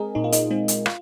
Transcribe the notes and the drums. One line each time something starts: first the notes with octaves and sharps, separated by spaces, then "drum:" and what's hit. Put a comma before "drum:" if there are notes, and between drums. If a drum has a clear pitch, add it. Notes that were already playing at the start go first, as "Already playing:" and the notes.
Already playing: G#3 C4 G#4 A#4 D#5
A#2 D#4
F4
D#4, drum: hi-hat
G#3 C4 D#4
drum: hi-hat
F4, drum: rim click